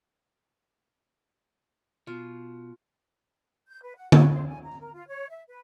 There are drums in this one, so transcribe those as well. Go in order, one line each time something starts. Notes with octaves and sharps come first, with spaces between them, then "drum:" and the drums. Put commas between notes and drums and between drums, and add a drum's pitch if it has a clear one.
B2 F4
G6
B4
F#5
F#4, drum: tom D3
C5
G#5
A#5
A#4
F4
C#5
E5
B4